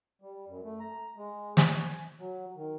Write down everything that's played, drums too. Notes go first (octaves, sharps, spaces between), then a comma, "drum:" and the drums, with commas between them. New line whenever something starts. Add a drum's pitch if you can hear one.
G3
F#2
A3
A#5
G#3
G#5, drum: snare
F#3
D#3